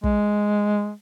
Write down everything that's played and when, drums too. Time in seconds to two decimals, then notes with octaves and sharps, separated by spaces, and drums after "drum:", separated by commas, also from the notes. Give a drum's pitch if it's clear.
0.04 G#3, drum: kick